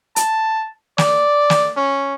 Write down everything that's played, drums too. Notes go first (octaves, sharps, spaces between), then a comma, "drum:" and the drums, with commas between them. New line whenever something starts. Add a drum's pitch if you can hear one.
A5, drum: hi-hat
D5, drum: snare
drum: snare
C#4